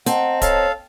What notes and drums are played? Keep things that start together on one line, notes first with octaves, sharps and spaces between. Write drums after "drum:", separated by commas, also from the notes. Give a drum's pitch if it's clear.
C4 D#5 F#5 A5 A#5, drum: hi-hat
A4 C#5 F5, drum: kick D1, hi-hat